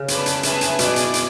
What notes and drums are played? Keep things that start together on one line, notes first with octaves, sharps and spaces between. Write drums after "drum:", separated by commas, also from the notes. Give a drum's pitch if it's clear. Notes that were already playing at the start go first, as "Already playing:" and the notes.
Already playing: C#3
G#4 B4 D5 A5, drum: hi-hat
drum: hi-hat
D4 G#4 B4 E5 A5, drum: hi-hat
drum: hi-hat
B2 E4 G#4 D5, drum: hi-hat
drum: hi-hat
drum: hi-hat